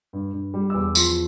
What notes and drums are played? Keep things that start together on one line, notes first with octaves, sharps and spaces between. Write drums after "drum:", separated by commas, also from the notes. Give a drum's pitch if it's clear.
G2
G2
G3
E6
E2 D6
F3 C6, drum: tambourine